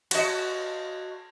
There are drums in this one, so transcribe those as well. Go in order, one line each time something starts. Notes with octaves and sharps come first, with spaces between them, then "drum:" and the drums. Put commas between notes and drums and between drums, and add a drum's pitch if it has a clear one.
F#4 D#5, drum: cymbal